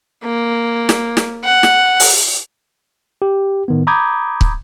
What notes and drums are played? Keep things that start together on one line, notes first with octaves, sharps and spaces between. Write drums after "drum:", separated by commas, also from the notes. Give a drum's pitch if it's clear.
A#3
drum: snare
drum: snare
F#5
drum: snare
drum: open hi-hat
G4
A2 D#3 B3
A#5 B5 D6 D#6 G6 G#6
drum: kick